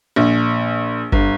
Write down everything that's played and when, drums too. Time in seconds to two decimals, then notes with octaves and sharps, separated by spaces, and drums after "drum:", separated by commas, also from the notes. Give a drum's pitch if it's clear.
0.16 A#1
1.12 G1, drum: kick G1